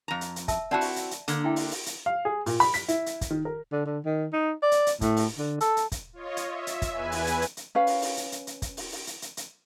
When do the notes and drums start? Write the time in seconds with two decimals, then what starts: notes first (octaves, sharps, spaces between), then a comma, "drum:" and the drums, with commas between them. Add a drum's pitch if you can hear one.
0.08 F2 A#5
0.21 drum: hi-hat
0.36 drum: hi-hat
0.48 E5 A5 E6, drum: kick, hi-hat
0.71 C4 E4 F#4 D5 F#5 A5
0.81 drum: open hi-hat
0.96 drum: hi-hat
1.11 drum: hi-hat
1.28 D3 A#3 D6, drum: hi-hat
1.44 E4 E5 G5
1.56 drum: open hi-hat
1.71 drum: open hi-hat
1.86 drum: hi-hat
2.06 F5
2.25 G#4
2.46 A#2, drum: open hi-hat
2.60 B5, drum: open hi-hat
2.74 B6, drum: hi-hat
2.88 E4, drum: hi-hat
3.06 drum: hi-hat
3.21 drum: kick, hi-hat
3.30 D#3
3.45 A#4
3.72 D3
3.86 D3
4.05 D#3
4.33 D#4
4.62 D5
4.71 drum: hi-hat
4.87 drum: hi-hat
5.01 A2, drum: kick, hi-hat
5.17 drum: open hi-hat
5.38 D3
5.60 A4, drum: hi-hat
5.77 drum: hi-hat
5.92 drum: kick, hi-hat
6.13 F4 C#5 D#5
6.37 drum: hi-hat
6.48 E5
6.67 drum: hi-hat
6.82 drum: kick, hi-hat
6.91 E2 B4 G#5
7.12 drum: open hi-hat
7.27 drum: hi-hat
7.42 drum: hi-hat
7.57 drum: hi-hat
7.75 C#4 B4 F5
7.87 drum: open hi-hat
8.02 drum: open hi-hat
8.17 drum: hi-hat
8.32 drum: hi-hat
8.47 drum: hi-hat
8.62 drum: kick, hi-hat
8.77 drum: open hi-hat
8.92 drum: open hi-hat
9.07 drum: hi-hat
9.22 drum: hi-hat
9.37 drum: hi-hat